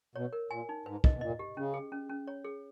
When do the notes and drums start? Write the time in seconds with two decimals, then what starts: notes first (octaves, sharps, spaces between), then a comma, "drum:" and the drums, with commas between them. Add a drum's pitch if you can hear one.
0.15 B2 C#5
0.33 A#4
0.51 A#2 G#5
0.69 D#4
0.86 G#2 B4
1.04 D#5, drum: kick
1.15 B2
1.21 A#2 D#5
1.39 G4
1.57 C#3 C#4
1.74 G#4
1.92 C#4
2.09 C#4
2.27 C#5
2.45 G#4